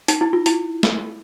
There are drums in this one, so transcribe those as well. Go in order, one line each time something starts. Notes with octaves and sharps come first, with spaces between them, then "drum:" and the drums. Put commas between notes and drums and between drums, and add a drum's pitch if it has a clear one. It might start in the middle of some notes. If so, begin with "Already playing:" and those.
D#4, drum: hi-hat
E4
F4
E4, drum: hi-hat
drum: snare